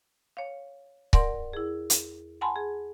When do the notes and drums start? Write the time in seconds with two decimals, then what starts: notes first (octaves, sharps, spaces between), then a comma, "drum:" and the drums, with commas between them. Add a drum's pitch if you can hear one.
0.37 C#5 F5
1.13 E2 A#4 D5 F#5 C6, drum: kick C#1
1.53 E4 G#4
1.90 drum: hi-hat
2.41 F#5 G#5 A5 B5 C6
2.56 G#4